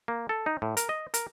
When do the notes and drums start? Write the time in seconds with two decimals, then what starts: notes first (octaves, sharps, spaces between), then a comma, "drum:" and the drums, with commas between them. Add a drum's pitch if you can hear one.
0.08 A#3
0.29 A4
0.46 D#4
0.62 A2
0.77 A#4, drum: hi-hat
0.89 D#5
1.14 A#4, drum: hi-hat